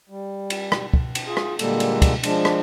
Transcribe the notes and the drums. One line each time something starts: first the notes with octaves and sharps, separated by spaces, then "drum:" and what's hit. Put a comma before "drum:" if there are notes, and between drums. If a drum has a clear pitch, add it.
G3
drum: cymbal
drum: rim click
drum: kick
drum: cymbal
F4 G#4
drum: rim click
A#2 D3 G3 G#3 A#3 A4, drum: cymbal
drum: cymbal
drum: kick, cymbal
F3 G#3 D4, drum: cymbal
drum: rim click